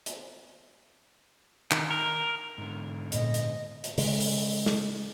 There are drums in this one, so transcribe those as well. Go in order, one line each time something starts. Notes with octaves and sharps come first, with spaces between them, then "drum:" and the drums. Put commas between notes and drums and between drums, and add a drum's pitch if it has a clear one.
drum: hi-hat
D#3, drum: clap
A#4
G#2 D3
A#2 B3 D#5, drum: hi-hat
drum: hi-hat
drum: hi-hat
C#3 G#3, drum: open hi-hat
drum: open hi-hat
drum: snare